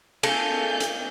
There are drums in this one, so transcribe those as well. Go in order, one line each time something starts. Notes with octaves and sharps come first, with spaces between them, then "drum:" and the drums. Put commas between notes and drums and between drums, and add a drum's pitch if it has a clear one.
A4 F5 G#5 G6, drum: cymbal
drum: hi-hat